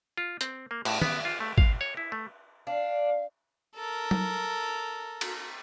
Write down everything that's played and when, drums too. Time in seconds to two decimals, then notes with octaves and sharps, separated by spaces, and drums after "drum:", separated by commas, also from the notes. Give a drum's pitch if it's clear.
0.17 F4
0.41 C4, drum: hi-hat
0.71 A#3
0.85 A2, drum: cymbal
1.02 B3, drum: tom
1.25 F4
1.40 A3
1.58 F5, drum: kick
1.81 C#5
1.97 E4
2.12 A3
2.67 D4 F5
3.76 A4 A#4
4.11 drum: tom F#3
5.21 drum: cymbal